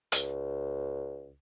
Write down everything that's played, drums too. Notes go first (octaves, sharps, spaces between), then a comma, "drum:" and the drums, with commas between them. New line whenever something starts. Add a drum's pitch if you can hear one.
C#2, drum: hi-hat